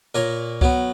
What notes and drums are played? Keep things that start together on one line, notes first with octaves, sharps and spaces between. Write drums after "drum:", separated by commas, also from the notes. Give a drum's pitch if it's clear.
A#2 A#4 C#5
F#3 B3, drum: kick C2